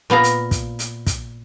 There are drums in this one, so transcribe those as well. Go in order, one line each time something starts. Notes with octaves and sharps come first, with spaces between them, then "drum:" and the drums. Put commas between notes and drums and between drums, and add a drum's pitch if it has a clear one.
A#2 B3 F5 A#5
drum: hi-hat
drum: kick, hi-hat
drum: hi-hat
drum: kick, hi-hat